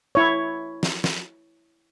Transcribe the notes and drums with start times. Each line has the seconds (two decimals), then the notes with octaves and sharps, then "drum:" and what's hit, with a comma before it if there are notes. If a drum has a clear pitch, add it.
0.15 E4 C#5
0.83 drum: snare
1.04 drum: snare